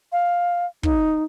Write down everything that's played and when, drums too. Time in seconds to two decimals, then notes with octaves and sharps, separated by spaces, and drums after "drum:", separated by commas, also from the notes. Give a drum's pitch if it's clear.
0.12 F5
0.83 D#4, drum: kick